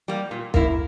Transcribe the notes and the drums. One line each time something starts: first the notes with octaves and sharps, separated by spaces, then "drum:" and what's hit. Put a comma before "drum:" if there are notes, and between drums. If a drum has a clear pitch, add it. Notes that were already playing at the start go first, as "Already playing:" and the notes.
G3 A#3
A#2
A#3 E4, drum: kick